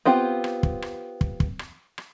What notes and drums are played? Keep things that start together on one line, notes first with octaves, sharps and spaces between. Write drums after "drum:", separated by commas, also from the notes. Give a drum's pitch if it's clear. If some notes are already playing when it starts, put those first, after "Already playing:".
B3 C4 F4 G4
drum: rim click
drum: kick
drum: rim click
drum: kick
drum: kick
drum: rim click
drum: rim click